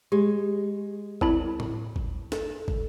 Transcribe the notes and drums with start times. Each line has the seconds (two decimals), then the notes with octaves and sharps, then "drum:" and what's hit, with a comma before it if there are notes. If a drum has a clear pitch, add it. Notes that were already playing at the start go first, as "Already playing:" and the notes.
0.12 G#3 G4
1.21 C4 E4 A#4 D5 A5 B5, drum: kick
1.60 drum: tom A2
1.96 drum: kick
2.32 A4, drum: snare
2.68 drum: kick